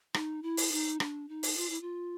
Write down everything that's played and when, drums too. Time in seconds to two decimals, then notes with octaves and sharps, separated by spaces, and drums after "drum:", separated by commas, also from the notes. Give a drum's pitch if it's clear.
0.14 D#4, drum: rim click
0.43 E4
0.57 drum: open hi-hat
0.72 D#4
1.00 D4, drum: rim click
1.29 D#4
1.43 drum: open hi-hat
1.57 F4
1.70 E4
1.81 F4